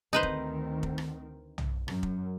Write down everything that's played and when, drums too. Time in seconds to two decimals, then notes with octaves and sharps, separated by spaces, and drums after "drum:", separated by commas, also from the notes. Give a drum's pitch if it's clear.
0.13 D2 D#3 C4 D#4 B4 C5
0.23 drum: kick
0.83 drum: kick
0.98 drum: rim click
1.58 drum: tom
1.88 F#2, drum: rim click
2.03 drum: kick